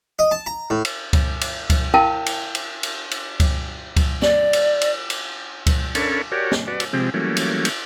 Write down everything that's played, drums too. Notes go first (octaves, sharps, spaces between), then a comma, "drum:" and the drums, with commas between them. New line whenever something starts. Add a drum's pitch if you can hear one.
D#5
A5
A#5
A2
drum: cymbal
drum: kick C#2, cymbal
drum: cymbal
drum: kick C#2, cymbal
E4 A#4 F5 G5 A5
drum: cymbal
drum: cymbal
drum: cymbal
drum: cymbal
drum: kick C#2, cymbal
drum: kick C#2, cymbal
D5, drum: snare
drum: cymbal
drum: cymbal
drum: cymbal
drum: kick C#2, cymbal
C#4 D4 A4 A#4 B5 C#6, drum: cymbal
F#4 G4 A#4 C#5 D5
drum: snare
F#4 B4 D5
drum: cymbal
C3 F3 G#3 C4 G4
E3 F#3 G3 A3 A#3 C#4
drum: cymbal
drum: cymbal